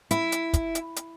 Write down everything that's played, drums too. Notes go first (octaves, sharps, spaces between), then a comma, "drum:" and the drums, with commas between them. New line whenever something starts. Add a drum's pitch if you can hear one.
E4, drum: hi-hat
drum: hi-hat
drum: kick, hi-hat
drum: hi-hat
drum: hi-hat